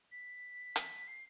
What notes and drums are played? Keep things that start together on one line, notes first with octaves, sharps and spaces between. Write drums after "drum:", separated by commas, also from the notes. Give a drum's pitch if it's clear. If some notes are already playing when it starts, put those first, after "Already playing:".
B6
drum: hi-hat
C7